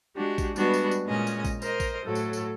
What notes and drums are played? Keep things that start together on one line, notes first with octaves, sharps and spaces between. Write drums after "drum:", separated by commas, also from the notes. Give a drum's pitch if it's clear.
G#3 D4 F#4 G4
drum: kick, tambourine
G3 G#3 B3 D4 F#4, drum: tambourine
drum: tambourine
drum: tambourine
A#2 G#3 C#4 D#5
drum: tambourine
drum: kick, tambourine
A#4 C5 D#5, drum: tambourine
drum: kick, tambourine
A2 F#3 A4
drum: tambourine
drum: tambourine